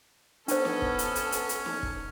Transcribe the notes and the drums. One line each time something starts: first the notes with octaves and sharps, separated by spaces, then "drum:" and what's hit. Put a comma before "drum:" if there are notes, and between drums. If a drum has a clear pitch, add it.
B3 C#4 D4 A4 C5, drum: hi-hat
drum: snare
drum: kick
drum: hi-hat
drum: hi-hat
drum: hi-hat
drum: hi-hat
drum: snare
drum: kick